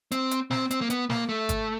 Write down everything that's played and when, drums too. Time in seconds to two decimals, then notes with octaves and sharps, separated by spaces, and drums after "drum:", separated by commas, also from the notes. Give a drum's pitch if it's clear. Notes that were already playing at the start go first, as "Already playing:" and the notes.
0.12 C4, drum: hi-hat
0.31 drum: hi-hat
0.51 C4, drum: snare
0.71 C4, drum: hi-hat
0.81 A#3
0.90 B3, drum: hi-hat
1.10 A#3, drum: snare
1.29 A3
1.49 drum: kick, hi-hat